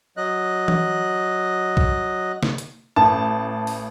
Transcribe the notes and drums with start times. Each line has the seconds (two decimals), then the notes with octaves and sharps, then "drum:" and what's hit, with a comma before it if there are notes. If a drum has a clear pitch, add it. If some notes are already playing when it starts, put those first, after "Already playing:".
0.17 F#3 D#5 F#6
0.68 drum: tom E3
1.77 drum: kick B1
2.43 drum: snare
2.58 drum: hi-hat
2.96 A1 A5
3.67 drum: open hi-hat